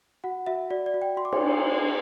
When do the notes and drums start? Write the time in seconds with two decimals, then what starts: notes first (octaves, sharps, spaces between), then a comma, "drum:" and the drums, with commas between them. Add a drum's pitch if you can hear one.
0.24 F#4 F#5
0.46 F#4 E5
0.70 F#4 D5
0.86 D5
0.94 F#4
1.02 G5
1.17 F#4 C6
1.25 D6
1.32 C6, drum: cymbal
1.41 C5
1.64 C5